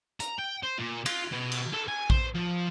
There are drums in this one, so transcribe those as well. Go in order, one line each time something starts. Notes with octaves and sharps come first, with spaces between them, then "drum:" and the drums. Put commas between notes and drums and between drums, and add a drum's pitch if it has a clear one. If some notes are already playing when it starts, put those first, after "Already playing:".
A#5, drum: hi-hat
G5
C5
A#2
F4, drum: cymbal
B2
drum: cymbal
A4
G#5
C5, drum: kick A#1
F3